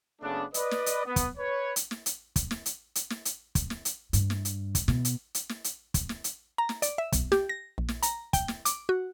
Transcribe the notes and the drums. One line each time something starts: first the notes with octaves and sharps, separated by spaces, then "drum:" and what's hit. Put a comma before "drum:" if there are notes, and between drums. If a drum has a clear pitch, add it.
F#1 C#3 A3 B3 D4
B4 D5 D#5, drum: hi-hat
drum: snare
drum: hi-hat
B3
drum: kick, hi-hat
B4 C#5
drum: hi-hat
drum: snare
drum: hi-hat
drum: kick, hi-hat
drum: snare
drum: hi-hat
drum: hi-hat
drum: snare
drum: hi-hat
drum: kick, hi-hat
drum: snare
drum: hi-hat
G2, drum: hi-hat
drum: snare
drum: hi-hat
drum: kick, hi-hat
B2, drum: snare
drum: hi-hat
drum: hi-hat
drum: snare
drum: hi-hat
drum: kick, hi-hat
drum: snare
drum: hi-hat
A#5
drum: snare
D5, drum: hi-hat
E5
B1, drum: kick, hi-hat
G4, drum: snare
A#6
A#1
drum: snare
A#5, drum: hi-hat
G5, drum: kick, hi-hat
drum: snare
D6, drum: hi-hat
F#4